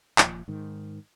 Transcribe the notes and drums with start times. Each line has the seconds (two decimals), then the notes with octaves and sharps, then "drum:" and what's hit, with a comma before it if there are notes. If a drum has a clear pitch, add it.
0.18 D#1 B1 A#2 F3, drum: clap
0.48 G#2 D#3